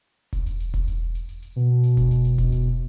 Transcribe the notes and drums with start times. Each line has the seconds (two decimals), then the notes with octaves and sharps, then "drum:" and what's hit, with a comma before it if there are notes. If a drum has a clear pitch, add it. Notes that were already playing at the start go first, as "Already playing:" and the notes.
0.33 drum: kick E1, hi-hat
0.46 drum: hi-hat
0.60 drum: hi-hat
0.74 drum: kick E1, hi-hat
0.87 drum: hi-hat
1.15 drum: hi-hat
1.29 drum: hi-hat
1.42 drum: hi-hat
1.56 B2
1.83 drum: hi-hat
1.97 drum: kick E1, hi-hat
2.11 drum: hi-hat
2.25 drum: hi-hat
2.38 drum: kick E1, hi-hat
2.52 drum: hi-hat